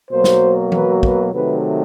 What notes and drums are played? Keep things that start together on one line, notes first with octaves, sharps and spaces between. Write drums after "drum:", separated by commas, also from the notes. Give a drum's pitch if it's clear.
B2 F#3 A#3 C5
drum: snare
B4, drum: tom E3
B4, drum: kick
C3 D#3 F#3 A3 B4